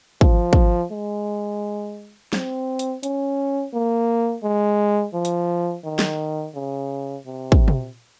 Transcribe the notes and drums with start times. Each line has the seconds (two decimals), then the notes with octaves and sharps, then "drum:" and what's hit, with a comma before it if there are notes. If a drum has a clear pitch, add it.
0.21 F3, drum: kick
0.53 drum: kick
0.91 G#3
2.33 C4, drum: snare
2.79 drum: hi-hat
3.03 C#4, drum: hi-hat
3.74 A#3
4.43 G#3
5.14 F3
5.25 drum: hi-hat
5.85 D#3
5.99 drum: snare
6.55 C#3
7.26 C3
7.52 drum: kick
7.68 drum: tom